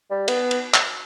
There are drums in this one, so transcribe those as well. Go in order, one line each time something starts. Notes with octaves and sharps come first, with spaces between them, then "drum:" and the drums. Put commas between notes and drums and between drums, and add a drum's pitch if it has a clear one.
G3
B3, drum: cymbal
drum: cymbal
drum: clap